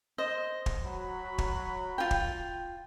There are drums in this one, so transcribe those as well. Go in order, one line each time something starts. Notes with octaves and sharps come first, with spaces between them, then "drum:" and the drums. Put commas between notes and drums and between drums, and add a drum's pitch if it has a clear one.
C5 D#5
drum: kick
F#3 B5
drum: kick
F4 G5
drum: kick